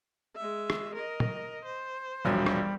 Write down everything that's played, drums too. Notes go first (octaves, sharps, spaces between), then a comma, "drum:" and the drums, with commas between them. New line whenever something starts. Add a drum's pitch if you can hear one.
G#3 E5
drum: rim click
A#4 D#5
drum: tom
C5
E1 A#1 F#3 G3
drum: rim click